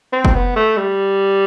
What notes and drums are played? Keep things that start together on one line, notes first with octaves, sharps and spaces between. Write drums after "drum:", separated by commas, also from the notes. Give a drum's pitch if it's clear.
C4
drum: kick F#1
B3
A3
G3